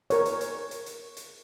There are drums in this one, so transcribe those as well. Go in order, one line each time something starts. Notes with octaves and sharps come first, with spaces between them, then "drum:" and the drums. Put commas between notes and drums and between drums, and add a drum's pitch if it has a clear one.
A#4 C#5, drum: hi-hat
drum: hi-hat
drum: hi-hat
drum: hi-hat
drum: hi-hat
drum: hi-hat